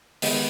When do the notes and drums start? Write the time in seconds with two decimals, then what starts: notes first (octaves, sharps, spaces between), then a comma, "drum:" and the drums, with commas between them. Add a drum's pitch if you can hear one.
0.22 D#3 G#3 B3 D#4 G4, drum: open hi-hat